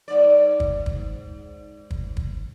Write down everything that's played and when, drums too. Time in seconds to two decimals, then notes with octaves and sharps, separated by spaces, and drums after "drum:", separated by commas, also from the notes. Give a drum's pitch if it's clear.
0.08 G#2 D5
0.60 drum: kick
0.86 drum: kick
1.91 drum: kick
2.17 drum: kick